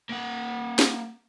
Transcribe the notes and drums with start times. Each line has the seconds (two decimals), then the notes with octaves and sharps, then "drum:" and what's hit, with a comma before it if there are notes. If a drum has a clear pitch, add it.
0.09 A#3 F#5
0.79 drum: snare